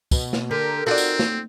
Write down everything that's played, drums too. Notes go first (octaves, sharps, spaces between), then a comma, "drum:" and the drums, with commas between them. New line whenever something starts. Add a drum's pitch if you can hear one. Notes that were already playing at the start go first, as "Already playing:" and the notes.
B2, drum: kick, tambourine
drum: snare
D3 G4 A#4
C4 D#4 F4 F#4 A4 D5
drum: tambourine
drum: snare